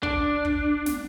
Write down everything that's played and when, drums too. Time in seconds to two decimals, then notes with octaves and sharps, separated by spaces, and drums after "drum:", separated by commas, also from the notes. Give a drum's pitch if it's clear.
0.03 D4, drum: kick
0.45 drum: kick
0.86 drum: snare